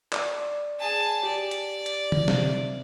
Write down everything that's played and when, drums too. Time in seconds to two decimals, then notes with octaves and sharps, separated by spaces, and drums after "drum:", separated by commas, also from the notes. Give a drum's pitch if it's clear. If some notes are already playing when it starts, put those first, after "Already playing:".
0.13 D5, drum: clap
0.79 G#4 A5
1.23 G4 D5
1.51 drum: hi-hat
1.86 drum: hi-hat
2.12 drum: tom
2.28 C3, drum: snare